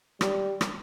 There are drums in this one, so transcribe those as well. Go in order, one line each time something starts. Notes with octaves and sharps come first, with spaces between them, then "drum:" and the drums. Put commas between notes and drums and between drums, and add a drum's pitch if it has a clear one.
G3, drum: rim click
drum: rim click